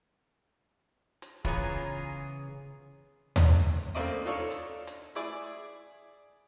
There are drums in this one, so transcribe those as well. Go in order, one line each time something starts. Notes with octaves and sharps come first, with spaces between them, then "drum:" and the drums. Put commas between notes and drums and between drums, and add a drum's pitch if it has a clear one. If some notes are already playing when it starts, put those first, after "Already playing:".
drum: hi-hat
C#3 E3 B3 F4 G#4 C#5 G#5 A#5, drum: kick
drum: tom D#2
F#2 A3 A#3 C4 D5 D#5
D4 D#4 F4 A4 C#5 D5
drum: hi-hat
drum: hi-hat
E4 G#4 D5